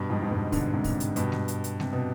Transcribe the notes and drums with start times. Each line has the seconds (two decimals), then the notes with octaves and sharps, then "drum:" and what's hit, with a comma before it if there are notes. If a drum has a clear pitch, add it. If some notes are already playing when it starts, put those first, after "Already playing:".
Already playing: G2 B2
0.10 F2 G#2
0.22 G#2
0.31 G2 B2
0.52 B2 D3, drum: kick, open hi-hat
0.73 G#2 C3
0.84 drum: kick, open hi-hat
1.00 drum: hi-hat
1.16 G2 B2, drum: hi-hat
1.32 drum: snare G#3
1.48 drum: hi-hat
1.64 drum: hi-hat
1.80 C3, drum: snare G#3
1.93 B2